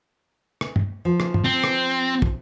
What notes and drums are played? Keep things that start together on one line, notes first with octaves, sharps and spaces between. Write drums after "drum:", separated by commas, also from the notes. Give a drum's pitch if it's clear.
drum: rim click
drum: tom
F3
drum: rim click
drum: tom
C4
drum: rim click
drum: kick